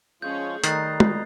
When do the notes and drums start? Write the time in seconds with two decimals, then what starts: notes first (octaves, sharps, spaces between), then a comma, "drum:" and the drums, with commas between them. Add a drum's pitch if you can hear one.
0.22 F3 G#3 C#4 F4 G#4 C#5 G6
0.64 D#3 G3 A3 D#5 A#5 F#6 A6 C7, drum: hi-hat
1.00 drum: tom